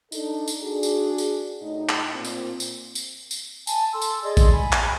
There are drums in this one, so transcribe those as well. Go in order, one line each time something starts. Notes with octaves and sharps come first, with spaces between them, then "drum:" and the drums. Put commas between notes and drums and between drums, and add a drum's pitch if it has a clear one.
D4 D#4 A4, drum: tambourine
drum: tambourine
D4 F#4 G#4
drum: tambourine
drum: tambourine
A2 D#4
drum: clap
A#2 C4
drum: tambourine
drum: tambourine
drum: tambourine
drum: tambourine
G#5 A5, drum: tambourine
A4 C6 E6
drum: tambourine
G#4 D5 D#5 C6
drum: kick A1, tambourine
G#5 B5
drum: clap